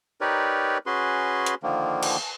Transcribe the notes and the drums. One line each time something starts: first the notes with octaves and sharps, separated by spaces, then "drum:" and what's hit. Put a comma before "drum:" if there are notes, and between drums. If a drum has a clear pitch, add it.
D#4 G4 A#4 B4 C#5 D5
C#4 F#4 G#4 B4 C6
drum: hi-hat
D3 D#3 F3 A#3
drum: cymbal